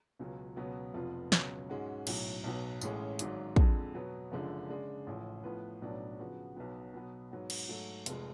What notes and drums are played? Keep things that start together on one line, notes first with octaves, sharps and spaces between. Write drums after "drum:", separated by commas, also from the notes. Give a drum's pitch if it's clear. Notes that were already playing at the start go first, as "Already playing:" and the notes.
C#2 B2 F#3 C#4 F4
C#2 B2 F#3 B3
F1 F2 F3 B3 F4
C#2 B2 F#3, drum: snare
G#2 G#3 C#4 F#4
B1 A2 F#3, drum: cymbal
B1 B2 F#3
A1 A2 G#3 C#4, drum: tambourine
G#1 G#2 F#3, drum: hi-hat
F2 D3 G#3, drum: kick
B2 F#3 B3
F#1 F#2 D3 F3 G#3
C#3 G#3 D4
A1 A2 F3
A2 F3 B3 F4 B4
B1 A2 F#3 B3 D4
C#3 F3 B3 F#4
B1 B2 F#3 B3
B2 F#3 B3
G#2 F#3 B3
drum: cymbal
G#2 F#3 A3
F1 F2 F3 G#3, drum: hi-hat